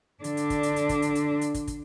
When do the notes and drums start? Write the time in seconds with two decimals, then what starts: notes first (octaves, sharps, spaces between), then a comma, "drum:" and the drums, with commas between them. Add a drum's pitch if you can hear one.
0.24 D3 D4, drum: hi-hat
0.37 drum: hi-hat
0.50 drum: kick, hi-hat
0.63 drum: hi-hat
0.76 drum: hi-hat
0.89 drum: kick, hi-hat
1.02 drum: hi-hat
1.15 drum: hi-hat
1.41 drum: hi-hat
1.54 drum: kick, hi-hat
1.67 drum: kick, hi-hat